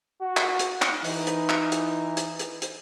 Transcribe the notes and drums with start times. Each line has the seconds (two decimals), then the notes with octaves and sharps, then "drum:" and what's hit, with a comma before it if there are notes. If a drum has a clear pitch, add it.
0.21 F#4
0.37 drum: clap
0.59 drum: hi-hat
0.82 drum: clap
1.04 E3 D#4, drum: open hi-hat
1.27 drum: hi-hat
1.49 drum: clap
1.72 drum: hi-hat
2.17 drum: hi-hat
2.39 drum: hi-hat
2.62 drum: hi-hat